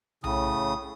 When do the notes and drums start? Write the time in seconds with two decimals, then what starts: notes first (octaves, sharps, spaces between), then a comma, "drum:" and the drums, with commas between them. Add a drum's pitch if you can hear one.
0.24 A2 C#3 D#6, drum: tom B1